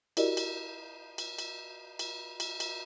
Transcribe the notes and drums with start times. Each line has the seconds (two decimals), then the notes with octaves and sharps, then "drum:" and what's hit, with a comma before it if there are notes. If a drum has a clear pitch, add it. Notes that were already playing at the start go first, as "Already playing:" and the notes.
0.17 E4 F#4 G4 A#4 D5 D#5, drum: cymbal
0.37 drum: cymbal
1.18 drum: cymbal
1.39 drum: cymbal
1.99 drum: cymbal
2.40 drum: cymbal
2.60 drum: cymbal